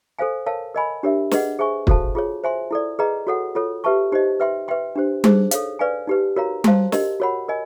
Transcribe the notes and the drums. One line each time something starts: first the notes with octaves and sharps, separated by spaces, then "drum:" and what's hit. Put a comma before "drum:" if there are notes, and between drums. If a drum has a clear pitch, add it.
A4 C5 F5 G#5
A#4 C#5 F5 A5
A#4 D#5 G#5 B5
D4 G4 A#4 C#5 E5
G#4 B4 D#5 F#5, drum: snare
G#4 C5 E5 G#5 C#6
F#4 A4 C5 F5 A5, drum: kick
F4 G#4 C#5
C5 E5 G#5 C6
E4 A4 D5
G#4 B4 D#5 G5 A#5
F#4 A4 C#5 F#5
F4 A4 C#5
G4 B4 E5 A5 C#6
D#4 G4 C5 D#5
B4 E5 G5 C6
B4 E5 G5 C6
D4 G4 C5
D#4 G#4 C5, drum: tom G3
A4 C#5 F5, drum: hi-hat
B4 D5 F5 G#5
D#4 G4 B4
F#4 A#4 C#5 F5 A#5
C5 F5 A5 C6, drum: tom G3
G4 A#4 D#5, drum: snare
F#4 A#4 C#5 F#5 B5
A#4 D#5 G#5